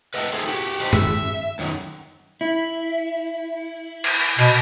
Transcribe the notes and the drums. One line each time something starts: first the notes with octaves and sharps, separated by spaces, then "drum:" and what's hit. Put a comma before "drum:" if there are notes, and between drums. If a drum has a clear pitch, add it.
B4 D#5 E5 F#5 G5 A5
D#4 G#4 A4 C5
F#4 G4
D4 D#4 G4 C5
E5, drum: tom
F#2 D#3 F#3
E4
drum: cymbal
B2, drum: cymbal